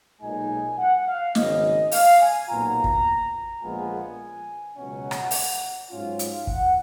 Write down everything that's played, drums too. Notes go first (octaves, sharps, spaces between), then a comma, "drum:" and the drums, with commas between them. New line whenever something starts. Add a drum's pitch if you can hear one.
B1 A#2 G#3 D#4 G#5
F#5
F5
G#1 F#2 C#3 D#5, drum: snare
F5, drum: open hi-hat
G#5
B1 A#2 F#3 B3 F4 A#5
drum: kick
A#1 A#2 G#3 B3 F4 G#5
C#2 B2 F#3 C#4 F#5
drum: rim click
drum: open hi-hat
G#2 F#3 C#4 F4
F5, drum: hi-hat
F#5, drum: kick